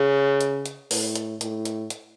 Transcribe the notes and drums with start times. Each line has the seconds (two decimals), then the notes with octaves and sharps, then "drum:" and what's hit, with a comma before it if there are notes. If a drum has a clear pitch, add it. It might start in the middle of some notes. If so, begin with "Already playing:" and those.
Already playing: C#3
0.41 drum: hi-hat
0.66 drum: hi-hat
0.91 A2, drum: open hi-hat
1.15 drum: hi-hat
1.41 A2, drum: hi-hat
1.65 drum: hi-hat
1.90 drum: hi-hat